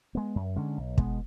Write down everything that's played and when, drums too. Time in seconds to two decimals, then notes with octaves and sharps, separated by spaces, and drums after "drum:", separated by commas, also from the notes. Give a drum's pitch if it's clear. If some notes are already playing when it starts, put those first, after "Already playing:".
0.15 G#3 B3
0.36 F#2
0.56 D3 G#3 C#4
0.77 B1
0.98 B2 G#3 B3, drum: kick